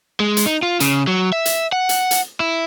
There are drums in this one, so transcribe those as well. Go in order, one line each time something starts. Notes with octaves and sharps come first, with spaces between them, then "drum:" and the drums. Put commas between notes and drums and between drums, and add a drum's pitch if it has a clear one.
G#3
drum: hi-hat
D#4
F4
C#3, drum: hi-hat
F#3
E5
drum: hi-hat
F#5
drum: hi-hat
drum: hi-hat
E4